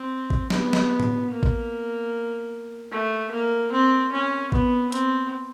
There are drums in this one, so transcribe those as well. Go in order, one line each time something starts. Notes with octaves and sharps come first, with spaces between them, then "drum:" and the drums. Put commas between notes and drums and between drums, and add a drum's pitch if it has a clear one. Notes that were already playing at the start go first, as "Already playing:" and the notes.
Already playing: C4
drum: kick A1
B3, drum: snare
drum: snare
drum: tom A2
A#3
drum: kick A1
A3
A#3
C4
C#4
B3, drum: kick A1
C4, drum: hi-hat